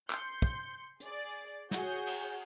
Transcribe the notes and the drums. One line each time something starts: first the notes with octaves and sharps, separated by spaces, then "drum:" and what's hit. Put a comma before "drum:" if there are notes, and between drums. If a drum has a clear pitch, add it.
C6 G6 C#7, drum: clap
drum: kick
G#4 D5, drum: hi-hat
F#4 G#4 C#5 G6, drum: snare
drum: cymbal